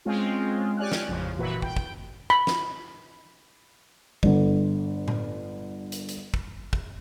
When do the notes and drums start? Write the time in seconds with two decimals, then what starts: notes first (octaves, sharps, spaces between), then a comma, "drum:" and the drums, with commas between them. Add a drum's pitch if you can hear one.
0.05 G#3 C4 C#4 F4
0.77 G4 C#5 D5 G#5 F6 F#6
0.92 drum: snare
1.08 A1 F2 C#3 F3
1.37 G1 A#2 E3 F#4 B4 B5
1.62 G5, drum: kick
1.77 drum: kick
2.30 B5
2.47 drum: snare
4.23 G1 D3, drum: kick
5.08 drum: tom A2
5.92 drum: hi-hat
6.09 drum: hi-hat
6.34 drum: kick
6.73 drum: kick